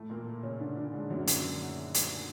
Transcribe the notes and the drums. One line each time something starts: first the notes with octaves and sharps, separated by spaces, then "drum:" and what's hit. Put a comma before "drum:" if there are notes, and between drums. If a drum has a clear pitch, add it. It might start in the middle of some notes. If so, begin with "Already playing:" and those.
Already playing: A2 A3
A#2 A#3
C#3 C#4
D3 D4
D3 D4
G#2 G#3
F#2 F#3
drum: hi-hat
drum: hi-hat